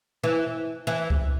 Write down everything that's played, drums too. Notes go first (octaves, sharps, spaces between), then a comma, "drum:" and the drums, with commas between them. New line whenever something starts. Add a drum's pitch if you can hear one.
E3
E3
drum: kick C2